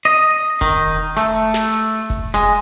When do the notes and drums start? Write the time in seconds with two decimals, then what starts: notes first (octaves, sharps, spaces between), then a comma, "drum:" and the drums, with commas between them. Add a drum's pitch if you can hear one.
0.05 D#5
0.61 D#3, drum: kick F1, hi-hat
0.98 drum: hi-hat
1.17 A3
1.35 drum: hi-hat
1.54 drum: snare
1.73 drum: hi-hat
2.10 drum: kick F1, hi-hat
2.34 G#3